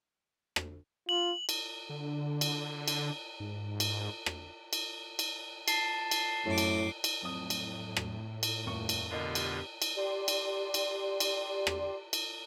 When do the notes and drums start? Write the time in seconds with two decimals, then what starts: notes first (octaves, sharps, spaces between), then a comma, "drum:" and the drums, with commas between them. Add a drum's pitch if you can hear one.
0.56 drum: rim click
1.09 F4 F#7
1.49 drum: cymbal
1.90 D3
2.41 drum: cymbal
2.88 drum: cymbal
3.40 G#2
3.80 drum: cymbal
4.26 drum: rim click
4.73 drum: cymbal
5.19 drum: cymbal
5.68 A5 C7, drum: cymbal
6.11 drum: cymbal
6.46 F#2 A2 D6
6.58 drum: cymbal
7.04 drum: cymbal
7.22 F2 A2 F#3 D#6
7.50 drum: cymbal
7.97 drum: rim click
8.43 drum: cymbal
8.66 D#1 F2 C#6
8.89 drum: cymbal
9.10 B2 D3 F4 G4 A#4 D#5
9.35 drum: cymbal
9.82 drum: cymbal
9.96 G4 D5 C6
10.28 drum: cymbal
10.74 drum: cymbal
11.20 drum: cymbal
11.67 drum: rim click
12.13 drum: cymbal